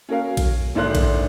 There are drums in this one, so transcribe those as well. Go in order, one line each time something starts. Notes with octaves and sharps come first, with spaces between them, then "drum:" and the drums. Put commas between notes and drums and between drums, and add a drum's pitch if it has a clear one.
C#4 F#4 A#4 F5
drum: kick A#1, cymbal
G#1 D2 D#3 A3 C5 F#6
drum: kick A#1, cymbal